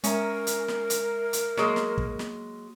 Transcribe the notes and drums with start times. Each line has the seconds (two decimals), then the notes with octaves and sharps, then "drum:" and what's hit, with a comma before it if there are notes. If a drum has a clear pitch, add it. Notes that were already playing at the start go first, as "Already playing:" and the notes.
0.04 G#3 C#4 A#4 E5 A#5, drum: hi-hat
0.47 drum: hi-hat
0.68 drum: snare
0.90 drum: hi-hat
1.33 drum: hi-hat
1.57 F#3 G#3 A#3, drum: snare
1.76 drum: snare
1.98 drum: kick
2.19 drum: snare